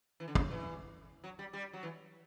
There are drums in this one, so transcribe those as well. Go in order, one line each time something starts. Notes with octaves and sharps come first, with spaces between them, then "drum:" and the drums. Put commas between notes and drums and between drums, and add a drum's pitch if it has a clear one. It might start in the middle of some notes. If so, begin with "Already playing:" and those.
E3
D3
C#3, drum: kick
E3
F#3
G3
G3
F#3
E3